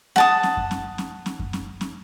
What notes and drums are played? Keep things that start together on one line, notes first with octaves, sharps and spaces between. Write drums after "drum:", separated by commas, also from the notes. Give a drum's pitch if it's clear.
F#5 A5 D#6, drum: snare
drum: snare
drum: kick F#2
drum: snare
drum: snare
drum: snare
drum: kick F#2
drum: snare
drum: snare